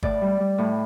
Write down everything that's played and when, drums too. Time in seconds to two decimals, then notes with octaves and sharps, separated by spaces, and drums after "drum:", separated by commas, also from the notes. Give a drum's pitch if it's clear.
0.03 A2 D5, drum: kick G1
0.21 G3
0.40 G3
0.58 A2